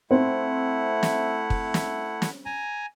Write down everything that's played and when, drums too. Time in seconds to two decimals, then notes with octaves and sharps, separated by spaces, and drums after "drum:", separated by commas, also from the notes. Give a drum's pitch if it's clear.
0.11 A3 C4 E4 F#5
1.03 drum: snare
1.50 drum: kick
1.74 drum: snare
2.22 drum: snare
2.46 G#5 A#5